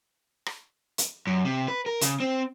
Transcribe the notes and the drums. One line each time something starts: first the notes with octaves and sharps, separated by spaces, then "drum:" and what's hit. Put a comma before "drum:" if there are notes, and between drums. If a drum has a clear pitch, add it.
drum: rim click
drum: hi-hat
F#2
C3
B4
A#4
C#3, drum: hi-hat
C4